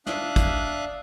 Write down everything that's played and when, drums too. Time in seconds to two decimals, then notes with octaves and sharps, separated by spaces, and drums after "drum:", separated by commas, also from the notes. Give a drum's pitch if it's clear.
0.07 D4 E5 F5 D#6 F#6, drum: snare
0.36 drum: kick, hi-hat